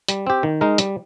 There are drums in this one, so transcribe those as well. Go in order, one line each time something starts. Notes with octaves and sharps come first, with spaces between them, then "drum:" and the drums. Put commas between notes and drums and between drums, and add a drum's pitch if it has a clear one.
G3, drum: hi-hat
C4 G4
D#3
G#3 D#4 A#4
G3, drum: hi-hat